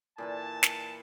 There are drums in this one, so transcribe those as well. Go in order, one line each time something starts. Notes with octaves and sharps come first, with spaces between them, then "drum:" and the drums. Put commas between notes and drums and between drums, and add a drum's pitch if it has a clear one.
A#2 E3 B4 A5
drum: snare